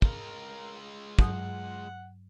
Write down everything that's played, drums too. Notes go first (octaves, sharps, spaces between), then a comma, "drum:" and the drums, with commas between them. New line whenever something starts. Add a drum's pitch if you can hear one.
G#3 F4 A#4, drum: kick
G2 F#3 F#5 D#6, drum: kick